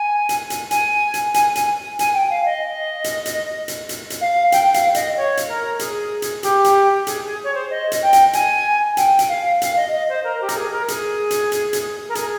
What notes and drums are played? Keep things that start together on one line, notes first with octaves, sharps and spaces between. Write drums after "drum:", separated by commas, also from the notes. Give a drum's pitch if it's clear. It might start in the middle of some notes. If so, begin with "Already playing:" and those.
Already playing: G#5
drum: hi-hat
drum: hi-hat
G#5, drum: hi-hat
drum: hi-hat
G#5, drum: hi-hat
G#5, drum: hi-hat
G#5, drum: hi-hat
G5
F5
D#5
drum: hi-hat
drum: hi-hat
drum: hi-hat
drum: hi-hat
drum: hi-hat
F5
G5, drum: hi-hat
G5
F5, drum: hi-hat
D#5, drum: hi-hat
C#5
drum: hi-hat
A#4
G#4, drum: hi-hat
drum: hi-hat
G4, drum: hi-hat
drum: hi-hat
G#4, drum: hi-hat
G#4
C#5
C5
D#5
drum: hi-hat
G5
drum: hi-hat
G#5, drum: hi-hat
G5, drum: hi-hat
drum: hi-hat
F5
F5, drum: hi-hat
D#5
D#5
C5
A#4
G4
A#4, drum: hi-hat
G#4
A#4
G#4, drum: hi-hat
drum: hi-hat
drum: hi-hat
drum: hi-hat
A#4
G#4, drum: hi-hat